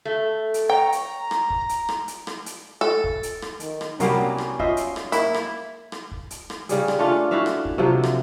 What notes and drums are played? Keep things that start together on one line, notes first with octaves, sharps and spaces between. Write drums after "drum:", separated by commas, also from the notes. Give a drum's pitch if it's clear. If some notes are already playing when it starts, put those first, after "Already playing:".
A3
drum: hi-hat
C#5 G5 A#5
drum: hi-hat
drum: rim click
drum: kick
drum: hi-hat
drum: rim click
drum: hi-hat
drum: rim click
drum: hi-hat
A4
drum: kick
drum: hi-hat
drum: rim click
D#3, drum: hi-hat
drum: rim click
C2 F#3 G3 A#3 B3 C#4 F5, drum: hi-hat
drum: rim click
F4 C5 D#5 E5, drum: kick
drum: hi-hat
drum: rim click
A#3 E4, drum: hi-hat
drum: rim click
drum: rim click
drum: kick
drum: hi-hat
drum: rim click
C#3 G3 G#4, drum: hi-hat
drum: rim click
A3 C#4 D4 F4
E4 F#4 E5 F5
drum: rim click
drum: kick
C3 F3 F#3
drum: rim click